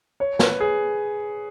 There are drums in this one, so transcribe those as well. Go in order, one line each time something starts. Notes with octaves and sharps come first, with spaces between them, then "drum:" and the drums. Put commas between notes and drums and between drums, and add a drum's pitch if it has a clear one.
C#5
B4, drum: snare
G#4